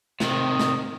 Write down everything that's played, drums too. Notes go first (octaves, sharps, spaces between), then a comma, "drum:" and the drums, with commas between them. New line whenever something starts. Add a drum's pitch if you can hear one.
C3 D#3, drum: snare
drum: snare